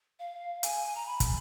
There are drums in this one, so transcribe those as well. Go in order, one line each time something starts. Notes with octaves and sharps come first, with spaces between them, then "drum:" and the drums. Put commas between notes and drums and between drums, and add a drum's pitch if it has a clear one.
F5
G#5, drum: hi-hat
A#5
B5
drum: kick, hi-hat